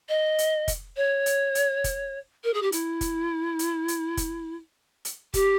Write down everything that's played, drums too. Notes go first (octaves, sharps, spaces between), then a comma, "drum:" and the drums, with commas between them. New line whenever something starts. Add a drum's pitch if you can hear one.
D#5
drum: hi-hat
drum: kick F1, hi-hat
C#5
drum: hi-hat
drum: hi-hat
drum: kick F1, hi-hat
A#4
G#4
G4
E4, drum: hi-hat
drum: kick F1, hi-hat
drum: hi-hat
drum: hi-hat
drum: kick F1, hi-hat
drum: hi-hat
G4, drum: kick F1, hi-hat